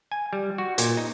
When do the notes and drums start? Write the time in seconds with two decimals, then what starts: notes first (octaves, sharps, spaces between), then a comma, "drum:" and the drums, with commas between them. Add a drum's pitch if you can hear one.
0.12 G#5
0.33 G3
0.58 F#4
0.78 A#2, drum: hi-hat
0.97 D#4